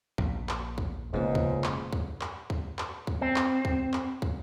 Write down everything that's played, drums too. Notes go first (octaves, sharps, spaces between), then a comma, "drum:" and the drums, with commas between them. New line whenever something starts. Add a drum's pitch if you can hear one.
A#1, drum: kick
drum: clap
drum: kick
F1 C#2 G#2 B2 A#3
drum: kick
drum: clap
drum: kick
drum: clap
drum: kick
drum: clap
drum: kick
C4
drum: clap
drum: kick
drum: clap
drum: kick